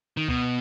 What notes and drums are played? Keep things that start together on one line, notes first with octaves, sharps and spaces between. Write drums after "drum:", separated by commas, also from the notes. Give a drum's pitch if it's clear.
D#3
B2, drum: kick C#2